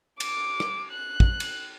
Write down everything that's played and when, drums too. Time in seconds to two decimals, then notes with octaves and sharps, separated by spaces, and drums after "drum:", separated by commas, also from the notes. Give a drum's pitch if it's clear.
0.20 D6, drum: cymbal
0.60 drum: rim click
0.92 F#6
1.20 drum: kick
1.40 drum: cymbal